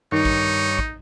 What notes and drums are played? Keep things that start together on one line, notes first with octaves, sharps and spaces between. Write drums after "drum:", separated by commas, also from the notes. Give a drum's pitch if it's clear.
G2 D#3 D#4 C#5 C#6
drum: kick
drum: kick